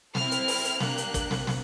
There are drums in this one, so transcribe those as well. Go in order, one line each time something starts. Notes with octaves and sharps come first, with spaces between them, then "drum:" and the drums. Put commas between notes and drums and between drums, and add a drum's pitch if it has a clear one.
C4 E4 A4 F6, drum: snare
drum: hi-hat
drum: open hi-hat
drum: hi-hat
A#3 D4 G4 F#6, drum: snare
drum: hi-hat
drum: kick, hi-hat
drum: snare
drum: snare